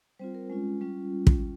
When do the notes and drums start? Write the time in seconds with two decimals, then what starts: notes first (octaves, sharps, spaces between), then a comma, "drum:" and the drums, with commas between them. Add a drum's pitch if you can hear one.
0.19 G3 C4 F4 C5
0.35 A#4
0.50 G#3 C#4 F4
0.81 G3 C#4 F4
1.27 drum: kick